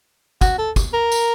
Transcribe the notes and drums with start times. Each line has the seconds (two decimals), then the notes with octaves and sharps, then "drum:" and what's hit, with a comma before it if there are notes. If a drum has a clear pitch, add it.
0.41 F#4, drum: kick, tambourine
0.58 A4
0.76 drum: kick, tambourine
0.94 A#4
1.12 drum: tambourine